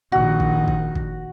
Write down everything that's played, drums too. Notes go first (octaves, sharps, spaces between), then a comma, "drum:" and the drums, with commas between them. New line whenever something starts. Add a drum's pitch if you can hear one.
A#1 D#3 F#4
drum: kick
drum: kick
drum: kick